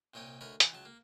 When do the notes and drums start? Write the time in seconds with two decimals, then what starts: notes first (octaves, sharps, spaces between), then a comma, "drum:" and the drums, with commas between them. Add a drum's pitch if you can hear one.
0.14 C2 A#2 D#4 C#5 G5 D#6
0.41 D2 A#4 C#5 D#5 B5
0.60 E3, drum: hi-hat
0.72 C#2 F#3 A5
0.85 A#3